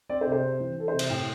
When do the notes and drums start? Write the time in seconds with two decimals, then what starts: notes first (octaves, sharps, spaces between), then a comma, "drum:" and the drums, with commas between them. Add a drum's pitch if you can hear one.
0.10 C4 D5
0.21 C5
0.27 C3
0.32 C5
0.43 C4
0.60 E3
0.77 C4 A4
0.88 C5
0.93 C3
0.99 E5, drum: cymbal
1.10 A2 G5